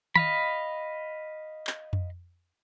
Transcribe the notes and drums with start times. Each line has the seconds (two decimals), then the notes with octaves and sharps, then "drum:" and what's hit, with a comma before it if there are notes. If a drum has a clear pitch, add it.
0.16 D#5 F5 B5, drum: tom D#3
1.67 drum: clap
1.93 drum: tom F2